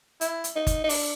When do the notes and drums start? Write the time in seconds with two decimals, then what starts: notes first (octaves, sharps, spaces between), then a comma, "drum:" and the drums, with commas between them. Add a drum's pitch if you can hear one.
0.21 E4, drum: hi-hat
0.44 drum: hi-hat
0.56 D#4
0.67 drum: kick G1, hi-hat
0.84 D#4
0.89 D4, drum: open hi-hat